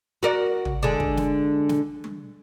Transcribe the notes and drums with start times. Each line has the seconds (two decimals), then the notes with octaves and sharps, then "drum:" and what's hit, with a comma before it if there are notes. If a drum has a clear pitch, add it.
0.23 F#4 A#4 D5
0.65 drum: tom
0.83 D3 G#3 D4
1.00 drum: kick
1.17 drum: snare
1.69 drum: snare
2.04 drum: tom